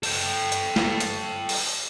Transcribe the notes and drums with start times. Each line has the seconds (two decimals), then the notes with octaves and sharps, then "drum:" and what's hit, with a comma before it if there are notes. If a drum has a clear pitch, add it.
0.03 A4 G5, drum: open hi-hat
0.52 drum: hi-hat
0.76 drum: snare
1.00 drum: hi-hat
1.49 drum: open hi-hat